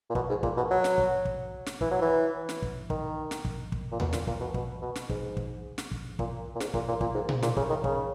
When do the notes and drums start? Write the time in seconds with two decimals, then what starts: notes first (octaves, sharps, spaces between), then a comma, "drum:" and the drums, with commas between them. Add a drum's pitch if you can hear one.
0.09 A#2
0.15 B2, drum: kick
0.29 G#2
0.43 A#2, drum: kick
0.57 B2
0.71 F#3
0.84 drum: snare
0.98 drum: kick
1.25 drum: kick
1.66 drum: snare
1.81 E3, drum: kick
1.91 F#3
2.01 E3
2.49 drum: snare
2.62 drum: kick
2.90 D#3, drum: kick
3.31 drum: snare
3.45 drum: kick
3.72 drum: kick
3.92 A#2
4.00 B2, drum: tom D#2
4.13 A#2, drum: snare
4.27 A#2, drum: kick
4.41 B2
4.54 B2, drum: kick
4.82 B2
4.95 drum: snare
5.09 G#2, drum: kick
5.37 drum: kick
5.78 drum: snare
5.91 drum: kick
6.19 A#2, drum: kick
6.55 A#2
6.60 G#2, drum: snare
6.74 A#2, drum: kick
6.88 A#2
7.01 A#2, drum: kick
7.15 G#2
7.29 G#2, drum: tom A#2
7.43 A#2, drum: snare
7.57 C#3, drum: kick
7.69 D#3
7.84 C#3, drum: kick